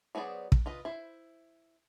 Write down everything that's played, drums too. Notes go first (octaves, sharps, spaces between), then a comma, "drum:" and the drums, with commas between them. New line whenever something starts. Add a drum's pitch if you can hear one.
F#3 B3 G#4 C5 D5
drum: kick
F4 B4 D#5
E4 C5